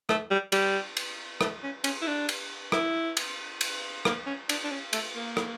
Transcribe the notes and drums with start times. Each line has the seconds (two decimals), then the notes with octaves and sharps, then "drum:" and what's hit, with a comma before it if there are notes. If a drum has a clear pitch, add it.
0.09 A3, drum: rim click
0.31 G3
0.52 G3, drum: cymbal
0.97 drum: cymbal
1.41 A3, drum: rim click
1.63 C#4
1.84 C#4, drum: cymbal
2.02 E4
2.07 D4
2.29 drum: cymbal
2.72 E4, drum: rim click
3.17 drum: cymbal
3.61 drum: cymbal
4.05 A#3, drum: rim click
4.26 C#4
4.49 D4, drum: cymbal
4.63 D4
4.71 C#4
4.93 A3, drum: cymbal
5.15 A#3
5.37 drum: rim click